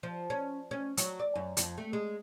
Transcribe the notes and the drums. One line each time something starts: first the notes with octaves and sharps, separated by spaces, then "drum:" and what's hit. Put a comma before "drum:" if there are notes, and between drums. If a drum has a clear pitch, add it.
F3
C#4
C#4
F#3, drum: hi-hat
D5
F#2
F2, drum: hi-hat
A3
G#3